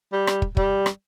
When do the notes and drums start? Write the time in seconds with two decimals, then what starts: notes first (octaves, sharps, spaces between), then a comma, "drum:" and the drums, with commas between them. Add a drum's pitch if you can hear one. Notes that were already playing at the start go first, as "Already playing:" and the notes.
0.12 G3
0.27 drum: rim click
0.42 drum: kick
0.57 G3, drum: kick
0.86 drum: rim click